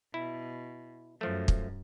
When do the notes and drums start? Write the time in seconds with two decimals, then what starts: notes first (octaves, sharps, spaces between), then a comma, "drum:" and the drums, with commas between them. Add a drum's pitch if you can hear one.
0.14 B2 E4
1.21 F#2 F3 A3
1.48 drum: kick